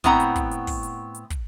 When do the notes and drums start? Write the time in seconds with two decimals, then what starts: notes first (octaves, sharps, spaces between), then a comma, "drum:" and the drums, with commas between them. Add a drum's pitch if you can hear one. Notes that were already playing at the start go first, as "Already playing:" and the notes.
0.04 A2 B3 C4 F#5 A#5, drum: kick, hi-hat
0.20 drum: hi-hat
0.36 drum: kick, hi-hat
0.51 drum: hi-hat
0.67 drum: kick, open hi-hat
0.83 drum: hi-hat
1.15 drum: hi-hat
1.30 drum: kick, hi-hat